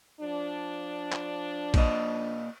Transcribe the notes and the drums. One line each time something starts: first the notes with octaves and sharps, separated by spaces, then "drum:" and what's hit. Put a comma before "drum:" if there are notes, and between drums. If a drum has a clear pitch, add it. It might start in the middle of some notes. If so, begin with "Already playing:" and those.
F3 D4
drum: clap
A#2 D#5, drum: kick, cymbal